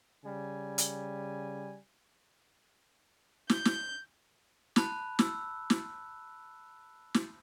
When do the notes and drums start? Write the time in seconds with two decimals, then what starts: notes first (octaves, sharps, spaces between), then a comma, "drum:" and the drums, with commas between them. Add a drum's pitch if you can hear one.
0.24 C#3 G3 G#5
0.78 drum: hi-hat
3.49 G6, drum: snare
3.65 drum: snare
4.76 A5 B5 F#6, drum: snare
5.19 E6, drum: snare
5.70 drum: snare
7.14 drum: snare